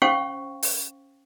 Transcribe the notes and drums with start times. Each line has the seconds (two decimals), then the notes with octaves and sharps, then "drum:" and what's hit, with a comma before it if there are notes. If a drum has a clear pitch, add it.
0.02 C#4 C5 F5 G5 C#6
0.63 drum: open hi-hat